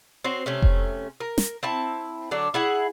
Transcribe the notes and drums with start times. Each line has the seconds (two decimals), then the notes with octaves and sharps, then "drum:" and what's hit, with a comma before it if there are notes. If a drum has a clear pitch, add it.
0.24 C4 F#4 C5 C#5
0.46 C3 A3 C#4
0.62 drum: kick F1
1.20 A#4
1.38 drum: snare
1.63 C4 E4 A5
2.31 D3 F#3 D4
2.54 E4 G#4 F#5